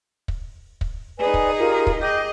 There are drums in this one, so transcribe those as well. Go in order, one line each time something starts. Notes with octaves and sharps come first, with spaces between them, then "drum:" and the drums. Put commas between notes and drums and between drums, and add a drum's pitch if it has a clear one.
drum: kick
drum: kick
D#4 G#4 B4 D5 G#5
drum: kick
F4 G4 A#4
drum: kick
G#4 D#5 G5 D6 G6